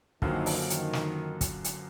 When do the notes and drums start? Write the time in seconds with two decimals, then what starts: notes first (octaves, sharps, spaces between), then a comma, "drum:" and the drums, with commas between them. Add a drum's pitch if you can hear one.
0.22 F#2 D3 D#3 F3 A#3, drum: kick
0.46 drum: open hi-hat
0.70 D#3, drum: hi-hat
0.93 drum: snare
1.41 drum: kick, hi-hat
1.64 drum: hi-hat